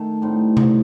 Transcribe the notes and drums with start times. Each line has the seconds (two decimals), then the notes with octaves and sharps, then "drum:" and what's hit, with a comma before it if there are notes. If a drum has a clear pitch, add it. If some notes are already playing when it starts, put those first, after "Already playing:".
Already playing: D#3 A3
0.22 A2 G3 C4 D#4
0.57 drum: tom C3